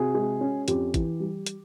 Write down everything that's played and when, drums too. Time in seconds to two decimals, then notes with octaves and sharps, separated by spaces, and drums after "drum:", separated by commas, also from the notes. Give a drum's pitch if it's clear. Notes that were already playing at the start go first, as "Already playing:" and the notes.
Already playing: C3 F#4 G#4
0.15 G#3
0.41 C#4
0.68 F2 G4, drum: hi-hat
0.94 E3, drum: kick, hi-hat
1.20 G3
1.46 drum: hi-hat